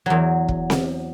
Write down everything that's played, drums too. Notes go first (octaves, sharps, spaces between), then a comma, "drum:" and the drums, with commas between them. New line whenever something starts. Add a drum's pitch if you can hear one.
E2 F#3
drum: kick
drum: snare C4